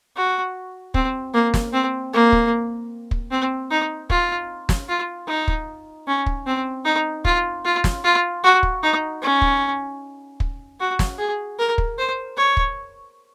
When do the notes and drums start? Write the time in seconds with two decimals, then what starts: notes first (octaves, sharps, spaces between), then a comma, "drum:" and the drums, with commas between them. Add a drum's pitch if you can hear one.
0.16 F#4
0.94 C4, drum: kick
1.34 A#3
1.54 drum: snare
1.73 C4
2.13 A#3
2.32 drum: kick
3.11 drum: kick
3.31 C4
3.71 D#4
4.10 F4, drum: kick
4.69 drum: snare
4.88 F4
5.28 D#4
5.48 drum: kick
6.07 C#4
6.26 drum: kick
6.46 C4
6.85 D#4
7.25 F4, drum: kick
7.65 F4
7.84 drum: snare
8.04 F4
8.44 F#4
8.63 drum: kick
8.83 D#4
9.22 C#4
9.42 drum: kick
10.40 drum: kick
10.80 F#4
10.99 drum: snare
11.18 G#4
11.59 A#4
11.78 drum: kick
11.98 C5
12.37 C#5
12.57 drum: kick